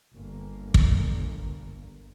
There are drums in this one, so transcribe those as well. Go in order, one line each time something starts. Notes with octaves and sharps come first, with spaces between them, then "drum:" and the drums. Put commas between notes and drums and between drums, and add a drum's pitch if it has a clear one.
G1 A#3
drum: kick